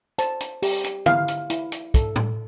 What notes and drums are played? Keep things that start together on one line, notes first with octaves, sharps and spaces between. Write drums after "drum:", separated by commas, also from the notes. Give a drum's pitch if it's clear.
C5 A5, drum: hi-hat
drum: hi-hat
G4, drum: open hi-hat
drum: hi-hat
E4 F5, drum: tom
drum: hi-hat
E4, drum: hi-hat
drum: hi-hat
A4, drum: kick, hi-hat
drum: tom